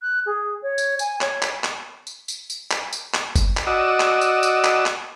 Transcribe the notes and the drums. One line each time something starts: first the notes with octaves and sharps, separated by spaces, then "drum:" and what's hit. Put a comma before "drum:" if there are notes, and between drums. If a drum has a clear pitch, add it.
F#6
G#4
C#5
drum: tambourine
G#5, drum: tambourine
C#5, drum: clap
drum: clap
drum: clap
drum: tambourine
drum: tambourine
drum: tambourine
drum: clap
drum: tambourine
drum: clap
drum: kick, tambourine
drum: clap
F#4 D5 D#5 E6
drum: clap
drum: tambourine
drum: tambourine
drum: clap
drum: clap